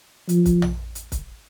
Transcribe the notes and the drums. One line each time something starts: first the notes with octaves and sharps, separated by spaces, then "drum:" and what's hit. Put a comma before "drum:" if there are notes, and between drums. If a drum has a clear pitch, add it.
F3, drum: hi-hat
drum: kick, hi-hat
drum: tom A#1
drum: hi-hat
drum: kick, hi-hat